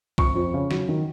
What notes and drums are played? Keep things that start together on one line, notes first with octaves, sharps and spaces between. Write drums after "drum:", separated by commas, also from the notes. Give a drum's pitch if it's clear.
F2 C#6, drum: kick B1
F2
C#3
F#3, drum: snare
D#3